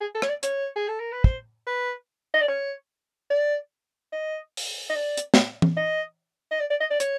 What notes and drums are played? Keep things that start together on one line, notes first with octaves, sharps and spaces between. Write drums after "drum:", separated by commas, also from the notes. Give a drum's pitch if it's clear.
G#4
A4
C#5, drum: rim click
D5
C#5, drum: hi-hat
G#4
A4
A#4
B4
C5, drum: kick
B4
D#5
D5
C#5
D5
D#5
drum: open hi-hat
D#5
D5
drum: hi-hat
drum: snare
drum: tom E3
D#5
D#5
D5
D5
D#5
D5
C#5, drum: hi-hat